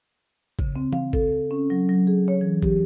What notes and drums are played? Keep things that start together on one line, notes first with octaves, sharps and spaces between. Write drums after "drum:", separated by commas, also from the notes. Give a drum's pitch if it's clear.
C#3, drum: kick
C4
F5, drum: tom E3
A4, drum: kick
C#4
F#3
F#3
G#4
C#5
E3
G4, drum: kick